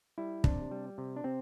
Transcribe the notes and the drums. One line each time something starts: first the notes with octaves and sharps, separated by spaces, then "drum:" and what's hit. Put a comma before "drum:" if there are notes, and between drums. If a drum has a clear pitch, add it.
G3 E4
C3 D4, drum: kick
G3
C3
D4
C3 C4